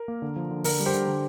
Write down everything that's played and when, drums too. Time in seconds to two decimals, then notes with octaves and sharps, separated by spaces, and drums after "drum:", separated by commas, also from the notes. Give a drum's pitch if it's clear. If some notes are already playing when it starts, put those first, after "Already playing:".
Already playing: A#4
0.08 A#3
0.22 D3
0.36 F3
0.51 D3
0.64 D3 A#4, drum: open hi-hat
0.80 G3
0.86 G4 C5
0.94 D3
1.08 D3